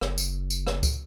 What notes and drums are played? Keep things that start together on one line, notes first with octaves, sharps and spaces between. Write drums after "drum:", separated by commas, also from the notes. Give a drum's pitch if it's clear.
F#1, drum: rim click
drum: tambourine
drum: tambourine
drum: rim click
drum: kick C#2, tambourine